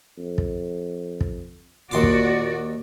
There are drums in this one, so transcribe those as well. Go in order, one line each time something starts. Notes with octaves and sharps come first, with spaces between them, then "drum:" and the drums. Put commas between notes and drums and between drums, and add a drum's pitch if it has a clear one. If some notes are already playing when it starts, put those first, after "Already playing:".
F2
drum: kick
drum: kick
D#2 A#2 F#4 D5 C6 D6
drum: kick